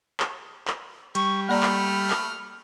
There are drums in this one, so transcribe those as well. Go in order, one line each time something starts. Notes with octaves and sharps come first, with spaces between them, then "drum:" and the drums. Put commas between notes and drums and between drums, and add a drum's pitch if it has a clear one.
drum: clap
drum: clap
G3 C#6, drum: cymbal
A3 A#3 D5 A#5 B5 F6
drum: clap
drum: clap